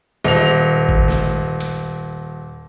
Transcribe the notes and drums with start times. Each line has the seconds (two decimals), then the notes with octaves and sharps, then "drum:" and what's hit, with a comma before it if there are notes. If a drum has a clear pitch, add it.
0.25 D#1 F7
0.89 drum: kick G#1
1.08 drum: snare
1.60 drum: hi-hat